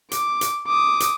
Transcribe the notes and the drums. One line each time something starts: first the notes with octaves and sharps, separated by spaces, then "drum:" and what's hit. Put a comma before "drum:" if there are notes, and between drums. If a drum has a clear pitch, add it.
D6, drum: hi-hat
drum: hi-hat
D6 D#6
drum: hi-hat